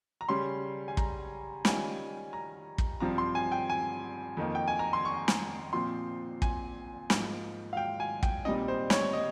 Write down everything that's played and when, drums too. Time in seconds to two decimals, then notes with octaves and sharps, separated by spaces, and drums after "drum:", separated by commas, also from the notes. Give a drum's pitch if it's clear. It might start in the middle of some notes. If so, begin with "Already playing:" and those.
0.21 A#5
0.29 C#3 G3 C#4 C6
0.88 G#5
0.97 A#5, drum: kick
1.65 D#3 G3 C#4 F4 G#5, drum: snare
2.33 A#5
2.78 drum: kick
3.00 G2 F3 C4 A#5
3.18 C6
3.35 G#5
3.52 G5
3.70 G#5
4.37 F2 D#3 A#3
4.55 G5
4.68 G#5
4.79 A#5
4.93 C6
5.05 C#6
5.28 drum: snare
5.73 A#2 F3 C4 C6
6.42 G#5, drum: kick
7.10 G#2 F3 A#3, drum: snare
7.73 F5
7.77 G5
8.00 G#5
8.23 G5, drum: kick
8.45 A#2 G3 C4 D#4 D#5
8.68 C5
8.90 C#5, drum: snare
9.13 D#5